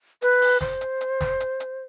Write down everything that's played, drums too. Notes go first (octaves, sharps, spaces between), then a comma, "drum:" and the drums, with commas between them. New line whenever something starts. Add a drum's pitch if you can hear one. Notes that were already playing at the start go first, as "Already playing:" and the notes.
B4, drum: hi-hat
drum: open hi-hat
C5, drum: snare
drum: hi-hat
drum: hi-hat
drum: snare
drum: hi-hat
drum: hi-hat